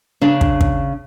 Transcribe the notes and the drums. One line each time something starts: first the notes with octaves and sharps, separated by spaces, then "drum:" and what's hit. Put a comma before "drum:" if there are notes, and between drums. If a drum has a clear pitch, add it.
C#3 D4
drum: kick
drum: kick